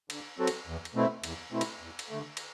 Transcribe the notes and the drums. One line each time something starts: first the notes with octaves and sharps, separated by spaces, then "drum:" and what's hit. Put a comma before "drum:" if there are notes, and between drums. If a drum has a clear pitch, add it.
D3, drum: cymbal
F#3 C4 F#4 A4
drum: cymbal
E2
drum: cymbal
B2 A3 C4 E4
E2, drum: cymbal
B2 A3 C4 E4
drum: cymbal
E2
drum: cymbal
D3 A3
drum: cymbal